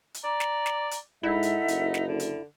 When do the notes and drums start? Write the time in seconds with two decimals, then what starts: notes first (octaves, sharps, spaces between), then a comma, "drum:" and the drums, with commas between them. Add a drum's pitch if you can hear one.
0.14 drum: hi-hat
0.24 D5 A#5 D6
0.40 drum: snare
0.66 drum: snare
0.91 drum: hi-hat
1.23 G#2 D#4 E4 A4 E5 F#5
1.43 drum: hi-hat
1.68 F#1, drum: hi-hat
1.94 drum: snare
2.08 D3
2.20 drum: hi-hat